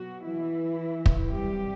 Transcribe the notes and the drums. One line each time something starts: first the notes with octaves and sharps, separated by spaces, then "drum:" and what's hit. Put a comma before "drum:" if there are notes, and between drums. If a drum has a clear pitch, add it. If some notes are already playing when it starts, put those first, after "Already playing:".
Already playing: B2 F#3 F#4
E3 E4
drum: kick
C3 F#3 G3 G4